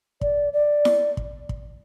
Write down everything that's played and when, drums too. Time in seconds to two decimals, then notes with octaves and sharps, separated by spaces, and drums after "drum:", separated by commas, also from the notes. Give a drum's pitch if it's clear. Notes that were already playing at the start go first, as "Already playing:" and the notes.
0.21 D5, drum: kick
0.53 D5
0.85 drum: snare E4
1.17 drum: kick
1.49 drum: kick